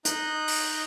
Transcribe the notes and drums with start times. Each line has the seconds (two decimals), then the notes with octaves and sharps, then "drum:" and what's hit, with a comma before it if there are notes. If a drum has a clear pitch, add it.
0.05 D#4 D#5 F#6 G6, drum: hi-hat
0.48 drum: open hi-hat